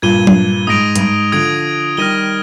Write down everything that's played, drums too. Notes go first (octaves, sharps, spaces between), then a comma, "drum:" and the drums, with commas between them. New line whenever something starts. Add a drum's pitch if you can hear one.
G2 A#2 G#6 D#7 G7
drum: tom F#3
G#2 D#6 A#6 D7 F7
G2, drum: hi-hat
G#2
D3 F3 D#6 G#6 D7
D#3 G3 F6 A#6 D#7 G7